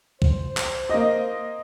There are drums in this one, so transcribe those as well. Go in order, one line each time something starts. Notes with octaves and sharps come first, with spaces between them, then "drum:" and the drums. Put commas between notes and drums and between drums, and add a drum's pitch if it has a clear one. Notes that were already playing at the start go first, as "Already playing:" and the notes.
C5, drum: kick C2
drum: clap
A#3 D#5